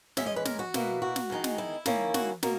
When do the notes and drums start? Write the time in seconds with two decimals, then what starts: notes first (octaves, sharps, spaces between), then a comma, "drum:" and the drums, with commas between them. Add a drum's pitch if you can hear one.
0.17 E2 B2 G#3 C#4 E5, drum: snare
0.26 D#5
0.36 B4
0.45 A#4, drum: snare
0.59 F#4
0.74 B2 A#3 E4, drum: snare
1.02 F#4
1.16 drum: snare
1.30 E2 D#3 G#3 D#4
1.44 drum: snare
1.58 E4
1.86 D#3 A#3 C#4 E4, drum: snare
2.14 F#4, drum: snare
2.43 B2 A#3 A#4, drum: snare